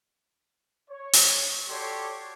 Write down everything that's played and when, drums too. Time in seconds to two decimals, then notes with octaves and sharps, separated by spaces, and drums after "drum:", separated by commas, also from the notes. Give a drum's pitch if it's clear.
0.90 C#5
1.13 drum: open hi-hat
1.70 F#4 G4 A4 C#5 D5 C6